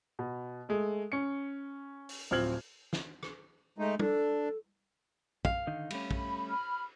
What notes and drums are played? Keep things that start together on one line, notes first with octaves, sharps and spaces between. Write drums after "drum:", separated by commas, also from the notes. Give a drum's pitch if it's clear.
B2
G#3 A3
C#4 C#7
drum: open hi-hat
D1 F3 C4 F6 G#6 F#7
drum: snare
drum: rim click
G#3 A3 D#4
D4 A4, drum: tom
F5, drum: kick
D3 D#3 D#4
G3 A3 C#4 B5, drum: cymbal
drum: kick
B5 F6